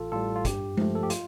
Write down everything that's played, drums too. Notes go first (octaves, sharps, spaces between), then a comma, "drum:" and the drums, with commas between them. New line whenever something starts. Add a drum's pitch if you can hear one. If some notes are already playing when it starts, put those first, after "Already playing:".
Already playing: A1 F4 A4
A2 G3 F4 A4
F4
G2 G4, drum: kick, hi-hat
F3 A3, drum: tom G#3
A4
G4
F4, drum: hi-hat